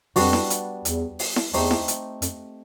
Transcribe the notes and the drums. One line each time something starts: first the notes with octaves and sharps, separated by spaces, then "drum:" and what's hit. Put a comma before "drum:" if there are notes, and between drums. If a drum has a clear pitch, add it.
F2 G3 B3 D4 F#4, drum: open hi-hat
drum: snare E4
drum: hi-hat
E2, drum: hi-hat
drum: open hi-hat
drum: snare E4
E2 A3 C4 D#4 G4, drum: open hi-hat
drum: snare E4
drum: hi-hat
F2, drum: hi-hat